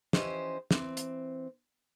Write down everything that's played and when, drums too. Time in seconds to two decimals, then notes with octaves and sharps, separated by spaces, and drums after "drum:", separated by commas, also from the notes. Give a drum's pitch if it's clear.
0.13 E3 F3 C#4 G4 C5 D#5, drum: snare
0.71 E3 C4, drum: snare
0.97 drum: hi-hat